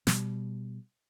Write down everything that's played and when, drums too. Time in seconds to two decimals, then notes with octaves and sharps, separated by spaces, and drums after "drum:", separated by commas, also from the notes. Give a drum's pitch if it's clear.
0.07 B2 G3, drum: snare